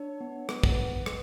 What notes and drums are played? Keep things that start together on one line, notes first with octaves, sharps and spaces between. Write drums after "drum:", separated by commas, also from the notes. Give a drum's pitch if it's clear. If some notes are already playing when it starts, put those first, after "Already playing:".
Already playing: D4 C#5
B3
B3 B4, drum: rim click
drum: kick
drum: rim click